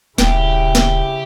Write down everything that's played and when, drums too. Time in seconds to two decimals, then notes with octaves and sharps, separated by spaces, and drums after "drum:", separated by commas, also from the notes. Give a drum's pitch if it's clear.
0.18 D#1 C#3 E4 G4, drum: snare
0.75 drum: snare